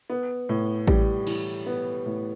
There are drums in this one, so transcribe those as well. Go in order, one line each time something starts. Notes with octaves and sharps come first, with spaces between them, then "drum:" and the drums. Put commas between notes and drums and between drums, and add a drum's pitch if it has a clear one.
B3
A2
G3, drum: kick A1
E3, drum: cymbal
B3
A2